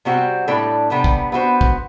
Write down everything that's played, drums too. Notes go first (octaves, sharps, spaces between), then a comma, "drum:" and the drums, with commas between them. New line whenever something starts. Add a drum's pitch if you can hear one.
C3 G3 C4 F#4
A2 G3 D4 A4 D5
C3 G3 B3 D4
drum: kick
B3 F#4 C5
drum: kick